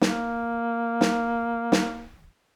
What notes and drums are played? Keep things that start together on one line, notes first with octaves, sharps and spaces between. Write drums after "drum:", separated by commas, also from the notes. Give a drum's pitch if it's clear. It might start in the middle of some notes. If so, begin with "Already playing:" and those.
A#3, drum: snare
drum: snare
drum: snare